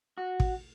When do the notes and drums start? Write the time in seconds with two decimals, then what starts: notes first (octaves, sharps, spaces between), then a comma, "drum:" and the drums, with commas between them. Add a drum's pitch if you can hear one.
0.18 F#4
0.40 drum: kick